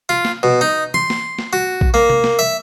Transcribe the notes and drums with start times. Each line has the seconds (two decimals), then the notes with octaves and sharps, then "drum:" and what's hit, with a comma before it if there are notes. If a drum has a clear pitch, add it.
0.09 F4
0.25 drum: snare A#3
0.43 B2
0.61 D#4
0.94 C6, drum: tom
1.10 drum: snare A#3
1.39 drum: snare A#3
1.53 F#4
1.81 drum: kick A#1
1.94 A#3
2.10 drum: tom C3
2.24 drum: snare A#3
2.39 E5